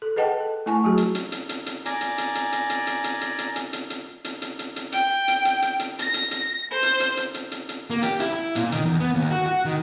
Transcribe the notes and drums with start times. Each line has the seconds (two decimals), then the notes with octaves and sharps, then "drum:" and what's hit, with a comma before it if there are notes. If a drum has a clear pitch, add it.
0.02 A4
0.16 G#4 B4 D#5 F#5 G5 A5
0.40 A4
0.66 A3 E4 G#5 A5 C#6
0.84 F#3 F#4 G#4
0.97 drum: hi-hat
1.15 drum: hi-hat
1.32 drum: hi-hat
1.49 drum: hi-hat
1.66 drum: hi-hat
1.85 D5 G#5 A#5, drum: hi-hat
2.01 drum: hi-hat
2.18 drum: hi-hat
2.35 drum: hi-hat
2.52 drum: hi-hat
2.70 drum: hi-hat
2.87 drum: hi-hat
3.04 drum: hi-hat
3.21 drum: hi-hat
3.38 drum: hi-hat
3.56 drum: hi-hat
3.73 drum: hi-hat
3.90 drum: hi-hat
4.24 drum: hi-hat
4.42 drum: hi-hat
4.59 drum: hi-hat
4.76 drum: hi-hat
4.92 G5, drum: hi-hat
5.28 drum: hi-hat
5.45 drum: hi-hat
5.62 drum: hi-hat
5.79 drum: hi-hat
5.99 A#6, drum: hi-hat
6.14 drum: hi-hat
6.31 drum: hi-hat
6.71 C5
6.83 drum: hi-hat
7.00 drum: hi-hat
7.17 drum: hi-hat
7.34 drum: hi-hat
7.51 drum: hi-hat
7.69 drum: hi-hat
7.90 A#3
8.02 G4, drum: hi-hat
8.20 E4, drum: hi-hat
8.33 E4
8.56 A#2, drum: hi-hat
8.72 D#3, drum: hi-hat
8.84 E2
9.00 B3
9.14 D#2
9.31 F#4
9.46 F#4
9.65 D#3